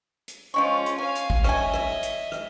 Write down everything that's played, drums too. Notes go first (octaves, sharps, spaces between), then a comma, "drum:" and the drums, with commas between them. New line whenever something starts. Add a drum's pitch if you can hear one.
drum: hi-hat
F3 G#3 C#4 F4 C#6
drum: hi-hat
C#4 F5 G#5
drum: hi-hat
drum: kick
C#4 D#5 E5 G#5, drum: rim click
drum: rim click
drum: hi-hat
drum: rim click